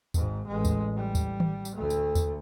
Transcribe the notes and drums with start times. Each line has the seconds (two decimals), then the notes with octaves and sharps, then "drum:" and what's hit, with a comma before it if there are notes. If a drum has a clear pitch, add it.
0.14 G#1 G#2, drum: kick D#2, tambourine
0.47 A1 G#3
0.65 drum: kick D#2, tambourine
0.96 G3
1.15 drum: kick D#2, tambourine
1.40 drum: tom D#3
1.65 drum: tambourine
1.75 D2 A3
1.90 drum: tambourine
2.15 drum: kick D#2, tambourine